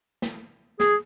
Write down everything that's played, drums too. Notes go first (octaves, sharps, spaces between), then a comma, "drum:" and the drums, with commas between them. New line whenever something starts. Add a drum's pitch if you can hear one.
drum: snare
G#4, drum: snare